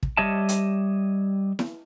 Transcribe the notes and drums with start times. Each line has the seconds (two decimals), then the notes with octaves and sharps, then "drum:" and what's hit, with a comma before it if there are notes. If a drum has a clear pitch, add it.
0.03 drum: kick
0.17 G3 G4 C#5 D#5 E5 A5
0.49 drum: hi-hat
1.59 drum: snare E4